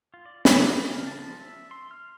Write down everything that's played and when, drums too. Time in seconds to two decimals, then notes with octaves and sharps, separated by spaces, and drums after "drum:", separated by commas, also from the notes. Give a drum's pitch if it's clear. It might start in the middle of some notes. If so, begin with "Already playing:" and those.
0.14 F4
0.26 D5
0.45 A#4, drum: snare
0.62 D#5
0.82 F5
1.07 A5
1.24 F3
1.41 E5
1.71 C6
1.91 F6